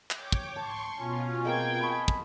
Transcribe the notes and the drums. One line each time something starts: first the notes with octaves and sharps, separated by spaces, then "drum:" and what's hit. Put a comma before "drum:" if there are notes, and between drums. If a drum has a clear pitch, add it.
C#5 G5 D6, drum: clap
drum: kick
A5 C6 C#6
B2 C#4 F4
G#3 A#3 C4 G5 G#6
D#5 F5 G#5 A5 B5 C#6
drum: kick